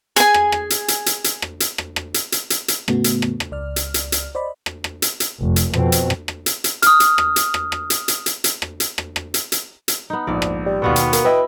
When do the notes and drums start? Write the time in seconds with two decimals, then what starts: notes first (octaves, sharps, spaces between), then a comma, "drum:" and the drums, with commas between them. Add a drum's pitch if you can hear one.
0.16 G#4 G#5, drum: hi-hat
0.34 drum: rim click
0.52 drum: rim click
0.70 drum: hi-hat
0.88 drum: hi-hat
1.06 drum: hi-hat
1.24 drum: hi-hat
1.42 drum: rim click
1.60 drum: hi-hat
1.78 drum: rim click
1.96 drum: rim click
2.14 drum: hi-hat
2.32 drum: hi-hat
2.50 drum: hi-hat
2.68 drum: hi-hat
2.88 A2 C#3 A3 B3 F#4, drum: rim click
3.04 drum: hi-hat
3.22 drum: rim click
3.40 drum: rim click
3.51 C#2 D5 F6
3.76 drum: hi-hat
3.94 drum: hi-hat
4.12 drum: hi-hat
4.35 C5 D5 D#5 B5
4.66 drum: rim click
4.84 drum: rim click
5.02 drum: hi-hat
5.20 drum: hi-hat
5.41 F1
5.56 drum: hi-hat
5.74 F2 B2 C4, drum: rim click
5.92 drum: hi-hat
6.10 drum: rim click
6.28 drum: rim click
6.46 drum: hi-hat
6.64 drum: hi-hat
6.82 D#6 F6, drum: hi-hat
7.00 drum: hi-hat
7.18 drum: rim click
7.36 drum: hi-hat
7.54 drum: rim click
7.72 drum: rim click
7.90 drum: hi-hat
8.08 drum: hi-hat
8.26 drum: hi-hat
8.44 drum: hi-hat
8.62 drum: rim click
8.80 drum: hi-hat
8.98 drum: rim click
9.16 drum: rim click
9.34 drum: hi-hat
9.52 drum: hi-hat
9.88 drum: hi-hat
10.10 B3 D#4
10.27 A#1 G#2 D5
10.42 drum: rim click
10.66 G3
10.82 D#2 B2 B3 F4 F#4 A4
10.96 drum: hi-hat
11.13 A#3, drum: hi-hat
11.25 E4 B4 D#5 G5